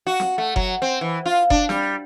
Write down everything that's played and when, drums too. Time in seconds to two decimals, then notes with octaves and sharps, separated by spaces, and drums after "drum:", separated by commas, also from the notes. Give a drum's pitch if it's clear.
0.07 F#4
0.20 drum: snare
0.38 A3
0.56 F#3, drum: kick F#1
0.82 C4
1.01 E3
1.26 F4
1.50 D4, drum: kick F#1
1.69 G3, drum: snare